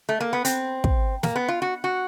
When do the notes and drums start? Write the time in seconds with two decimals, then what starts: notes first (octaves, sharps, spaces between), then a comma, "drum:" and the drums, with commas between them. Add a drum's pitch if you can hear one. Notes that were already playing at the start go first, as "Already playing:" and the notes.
0.09 A3
0.20 A#3
0.33 B3
0.45 C4, drum: hi-hat
0.84 drum: kick
1.23 A#3, drum: snare
1.36 B3
1.48 F4
1.62 F#4
1.84 F#4